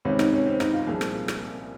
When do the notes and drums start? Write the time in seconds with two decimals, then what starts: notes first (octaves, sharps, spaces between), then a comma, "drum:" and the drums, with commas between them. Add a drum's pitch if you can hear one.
0.05 C#2 C3 D#3 C#4
0.19 D#4, drum: rim click
0.33 C#4
0.46 C4
0.60 D#4, drum: rim click
0.73 F4
0.87 C2 A#2 F3 G#4
1.01 drum: rim click
1.28 drum: rim click